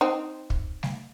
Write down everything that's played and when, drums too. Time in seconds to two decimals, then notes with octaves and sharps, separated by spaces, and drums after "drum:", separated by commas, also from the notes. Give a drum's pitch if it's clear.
0.01 C4 D#4
0.50 drum: kick
0.83 drum: snare